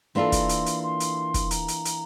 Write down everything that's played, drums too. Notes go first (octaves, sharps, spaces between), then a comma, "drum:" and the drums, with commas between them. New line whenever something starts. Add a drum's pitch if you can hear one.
E3 A#3 D4 F4 A4 C6
drum: kick, hi-hat
drum: hi-hat
drum: hi-hat
C6
drum: hi-hat
drum: kick, hi-hat
A#5, drum: hi-hat
drum: hi-hat
drum: hi-hat